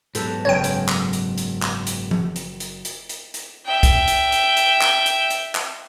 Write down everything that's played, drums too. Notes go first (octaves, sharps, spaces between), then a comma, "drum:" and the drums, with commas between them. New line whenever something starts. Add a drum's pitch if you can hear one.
G#2 F#3 B3 G4 A4 B4, drum: hi-hat
F#1 C#4 C#5 G5 G#6
drum: hi-hat
drum: clap
drum: hi-hat
drum: hi-hat
drum: clap
drum: hi-hat
drum: tom F3
drum: hi-hat
drum: hi-hat
drum: hi-hat
drum: hi-hat
drum: hi-hat
E5 G5
drum: kick, hi-hat
drum: hi-hat
drum: hi-hat
drum: hi-hat
drum: clap
drum: hi-hat
drum: hi-hat
drum: clap